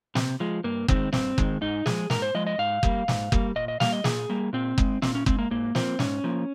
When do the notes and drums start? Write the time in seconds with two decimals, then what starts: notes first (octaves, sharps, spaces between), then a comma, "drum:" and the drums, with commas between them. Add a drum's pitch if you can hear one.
0.15 C3, drum: snare
0.40 F3 G#3
0.64 G2 A#3
0.88 D#3 G#3 C4, drum: kick F#1
1.13 G2 C4, drum: snare
1.38 D#3 G#3, drum: kick F#1
1.61 G#2 D#4
1.86 F3 G#3 G#4, drum: snare
2.10 G#2 A#4, drum: snare
2.22 C5
2.34 F3 G#3 D#5
2.47 D#5
2.58 G#2 F5
2.83 G3 A#3, drum: kick F#1
3.08 G#2, drum: snare
3.32 G3 A#3, drum: kick F#1
3.56 A#2 D#5
3.68 D#5
3.80 G3 A#3 F5, drum: snare
3.92 D#5
4.04 A#2 G#4, drum: snare
4.29 G3 A#3
4.53 A#2 C4
4.78 G#3, drum: kick F#1
5.02 A#2 C4, drum: snare
5.15 C#4
5.26 G#3 C4, drum: kick F#1
5.39 A#3
5.51 G#2 A#3
5.75 F3 A#3 C4, drum: snare
5.99 G#2 C#4, drum: snare
6.24 F3 A#3